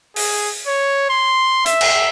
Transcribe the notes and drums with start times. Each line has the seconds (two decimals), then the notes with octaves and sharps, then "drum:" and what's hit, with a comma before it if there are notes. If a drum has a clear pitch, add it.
0.16 G#4, drum: open hi-hat
0.67 C#5
1.09 C6
1.66 E5, drum: hi-hat
1.81 drum: cymbal